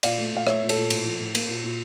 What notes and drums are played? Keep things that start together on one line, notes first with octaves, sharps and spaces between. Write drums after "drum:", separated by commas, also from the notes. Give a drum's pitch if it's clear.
A#2 D5 F5, drum: cymbal
A3
A#2 F5
A3 C#5 E5, drum: rim click
A#2
A4 C#5, drum: cymbal
A#2
A2, drum: cymbal
F3
A2
A#3, drum: cymbal
A#2
A#2